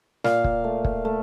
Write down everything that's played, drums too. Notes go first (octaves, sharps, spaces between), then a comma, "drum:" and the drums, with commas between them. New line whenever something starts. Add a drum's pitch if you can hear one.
A#2 F5, drum: snare
drum: kick
A3
drum: kick
A3